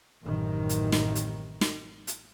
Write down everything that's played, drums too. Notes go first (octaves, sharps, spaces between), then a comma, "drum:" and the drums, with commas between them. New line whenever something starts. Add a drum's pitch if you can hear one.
A1 F#2 C3 D#3
drum: hi-hat
drum: snare
drum: hi-hat
drum: snare
drum: hi-hat